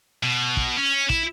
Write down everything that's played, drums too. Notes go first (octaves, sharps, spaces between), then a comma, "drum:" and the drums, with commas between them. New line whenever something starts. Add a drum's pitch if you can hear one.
B2
drum: kick
C#4
E4, drum: kick